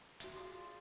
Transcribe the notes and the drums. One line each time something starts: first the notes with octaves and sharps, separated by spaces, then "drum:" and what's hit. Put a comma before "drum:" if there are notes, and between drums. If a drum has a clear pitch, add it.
F#4 E5, drum: hi-hat
F4 G#4 D5 F5 C6 D#6